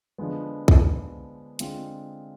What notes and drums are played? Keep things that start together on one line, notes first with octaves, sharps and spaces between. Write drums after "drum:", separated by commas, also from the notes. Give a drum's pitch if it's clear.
D3 F3 G#3 B3
drum: kick
D3 G#3 C4 F4, drum: hi-hat